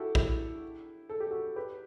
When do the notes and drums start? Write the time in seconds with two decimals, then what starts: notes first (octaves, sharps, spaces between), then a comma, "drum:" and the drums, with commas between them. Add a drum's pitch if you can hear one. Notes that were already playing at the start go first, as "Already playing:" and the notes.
Already playing: E4 F#4 G4 A4
0.15 E4 G4, drum: kick A#1
1.09 A4
1.20 G4
1.30 F#4 A4
1.56 G4 B4